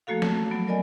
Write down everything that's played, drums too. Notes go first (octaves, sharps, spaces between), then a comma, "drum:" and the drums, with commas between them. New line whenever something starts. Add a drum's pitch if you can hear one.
F3 A3 A#3 F#4 A4 F5
A5, drum: snare
F#3 B3
A#4 D5 D#5 G#5